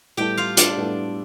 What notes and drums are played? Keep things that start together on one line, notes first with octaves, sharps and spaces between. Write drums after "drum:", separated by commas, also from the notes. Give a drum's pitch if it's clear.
A2 G3 B3 E4 G4 A4 G5
F4 F5
D4 D5, drum: hi-hat
A2 G3 B3 E4 A4